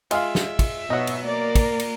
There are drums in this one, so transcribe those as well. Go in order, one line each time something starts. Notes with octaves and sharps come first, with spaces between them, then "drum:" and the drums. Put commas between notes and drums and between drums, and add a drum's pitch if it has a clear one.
G#3 F4 G#4 E5 F5, drum: cymbal
drum: snare
drum: kick, cymbal
B2 F#3 D#4 D#5 F#5
drum: cymbal
A#3 A#4 D5
drum: kick, cymbal
drum: cymbal